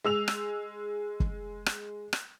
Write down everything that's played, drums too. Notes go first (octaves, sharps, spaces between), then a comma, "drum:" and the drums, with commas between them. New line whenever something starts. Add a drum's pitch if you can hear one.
G#3 E6 F7
drum: rim click
drum: kick
drum: rim click
drum: rim click